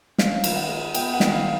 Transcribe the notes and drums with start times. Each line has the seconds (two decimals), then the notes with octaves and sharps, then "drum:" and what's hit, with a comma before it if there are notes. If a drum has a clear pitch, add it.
0.18 C#4 F5, drum: snare
0.44 D#3, drum: cymbal
0.56 F#5
0.69 G#3
0.94 B3 G5, drum: cymbal
1.14 F#5
1.20 D#3, drum: snare
1.32 F5